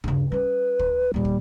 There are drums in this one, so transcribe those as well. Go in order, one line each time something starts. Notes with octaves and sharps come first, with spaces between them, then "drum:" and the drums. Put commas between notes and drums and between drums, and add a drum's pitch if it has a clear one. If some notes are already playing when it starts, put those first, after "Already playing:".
G2 C#3, drum: kick
G3 C#4 B4
drum: kick
D#2 A#2 G3
drum: kick